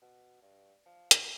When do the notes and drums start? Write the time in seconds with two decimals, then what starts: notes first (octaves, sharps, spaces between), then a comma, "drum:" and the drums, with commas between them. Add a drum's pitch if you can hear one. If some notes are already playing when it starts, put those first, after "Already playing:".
0.02 B2
0.42 G2
0.85 F3
1.11 B2, drum: hi-hat